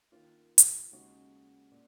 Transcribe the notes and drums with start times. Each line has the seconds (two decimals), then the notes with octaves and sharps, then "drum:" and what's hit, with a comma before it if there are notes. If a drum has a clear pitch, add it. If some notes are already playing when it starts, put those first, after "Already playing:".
0.12 D#3 A#3 F4
0.58 drum: hi-hat
0.91 D#2 C#3 G#3 D#4 F#4
1.72 A#2